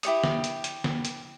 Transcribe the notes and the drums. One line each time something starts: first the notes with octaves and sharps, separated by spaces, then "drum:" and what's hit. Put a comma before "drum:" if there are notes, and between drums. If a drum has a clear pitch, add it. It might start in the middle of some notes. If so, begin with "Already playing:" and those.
E4 G4 C#5 D#6, drum: hi-hat
drum: snare
drum: hi-hat
drum: hi-hat
drum: snare
drum: hi-hat